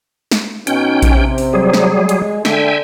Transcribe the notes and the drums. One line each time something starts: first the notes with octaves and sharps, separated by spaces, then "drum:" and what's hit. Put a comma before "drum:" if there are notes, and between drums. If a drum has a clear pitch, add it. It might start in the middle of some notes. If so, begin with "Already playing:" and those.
drum: snare
B2 C#4 D#4 G5, drum: hi-hat
drum: kick A#1, hi-hat
C3
drum: open hi-hat
F#3 G3 G#4
drum: snare
G#3
drum: hi-hat
D3 E5 G5 G#5, drum: snare